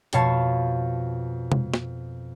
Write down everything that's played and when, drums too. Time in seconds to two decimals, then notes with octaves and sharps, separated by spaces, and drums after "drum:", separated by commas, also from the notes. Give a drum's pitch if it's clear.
0.13 F2 B2 C#5 F5 A5, drum: hi-hat
1.52 drum: tom C3
1.74 drum: snare